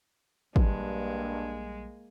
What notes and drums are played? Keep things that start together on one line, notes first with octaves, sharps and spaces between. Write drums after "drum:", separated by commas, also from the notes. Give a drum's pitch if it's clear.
A#1 G2 G3 G#3 A#3, drum: kick